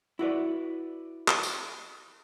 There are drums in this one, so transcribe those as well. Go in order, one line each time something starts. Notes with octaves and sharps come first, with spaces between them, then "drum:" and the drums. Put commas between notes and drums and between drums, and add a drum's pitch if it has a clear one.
E4 F#4 B4 D5
drum: clap
drum: tambourine